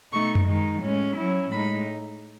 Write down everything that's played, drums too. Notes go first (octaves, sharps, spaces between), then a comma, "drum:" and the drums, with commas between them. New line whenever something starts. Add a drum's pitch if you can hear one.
B2 A3 D#4 C#6
drum: tom F#2
D#3 G#3 D#4
A2 G#3 C#4
F#3 C#4 E4
A2 G#3 D#4 B5